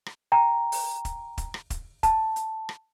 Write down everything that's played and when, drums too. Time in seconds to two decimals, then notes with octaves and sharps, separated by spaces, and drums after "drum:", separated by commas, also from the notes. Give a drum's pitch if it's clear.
0.06 drum: rim click
0.32 G5 A#5
0.72 drum: open hi-hat
1.05 drum: kick, hi-hat
1.38 drum: kick, hi-hat
1.54 drum: rim click
1.70 drum: kick, hi-hat
2.03 A5, drum: kick, hi-hat
2.36 drum: hi-hat
2.69 drum: rim click